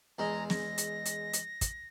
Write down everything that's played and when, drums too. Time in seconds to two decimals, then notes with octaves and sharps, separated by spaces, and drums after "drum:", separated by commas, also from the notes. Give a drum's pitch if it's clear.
0.19 E2 G#3 A#5
0.50 A#6, drum: snare
0.78 drum: hi-hat
1.06 drum: hi-hat
1.33 drum: hi-hat
1.61 drum: kick, hi-hat